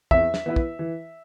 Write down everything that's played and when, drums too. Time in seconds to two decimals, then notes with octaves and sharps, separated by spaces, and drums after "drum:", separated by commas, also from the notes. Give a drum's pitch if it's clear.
0.11 E2 E5, drum: kick
0.34 drum: snare
0.46 E3 B3 E4 B4
0.56 drum: kick
0.79 E3